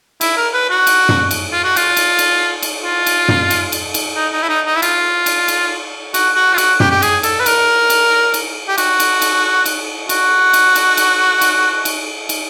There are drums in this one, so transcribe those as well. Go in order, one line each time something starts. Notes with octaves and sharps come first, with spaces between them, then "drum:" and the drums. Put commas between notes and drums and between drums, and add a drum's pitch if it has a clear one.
E4, drum: cymbal
A#4
B4
F#4
drum: cymbal
drum: tom
drum: cymbal
F4
F#4
F4, drum: cymbal
drum: cymbal
drum: cymbal
drum: cymbal
F4
drum: cymbal
drum: tom
drum: cymbal
drum: cymbal
drum: cymbal
D#4
D#4
E4
D#4
D#4
E4
F4, drum: cymbal
drum: cymbal
drum: cymbal
F#4, drum: cymbal
F#4
F4
F#4, drum: cymbal
G4, drum: tom
G4
G#4, drum: cymbal
A4, drum: cymbal
B4
A#4, drum: cymbal
drum: cymbal
drum: cymbal
G4
F#4, drum: cymbal
drum: cymbal
drum: cymbal
drum: cymbal
F#4, drum: cymbal
drum: cymbal
drum: cymbal
drum: cymbal
drum: cymbal
drum: cymbal
drum: cymbal